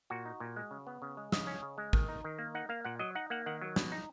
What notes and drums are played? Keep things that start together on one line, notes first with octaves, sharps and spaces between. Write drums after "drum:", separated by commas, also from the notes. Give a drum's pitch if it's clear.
A#2 F#4
D#4
A#2
G#3
C#3
B3
C#3
G#3
C#3 D#5, drum: snare
C#4
C#3
G#3
D#3, drum: kick
D#4
D#3
A#3
D#4 F#5
A#3 F5
A#2 F#5
F#3 D#5
D#4 F#5
A#3 F#5
D#3 F#5
F#3
B2, drum: snare
D#4